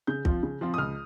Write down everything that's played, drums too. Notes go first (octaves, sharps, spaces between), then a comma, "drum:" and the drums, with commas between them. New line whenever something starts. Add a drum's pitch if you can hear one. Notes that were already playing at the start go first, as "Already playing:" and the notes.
C#3 G6
F3 C4 F4, drum: kick
C#3
F3 C4 F4
D#6
C#2 F6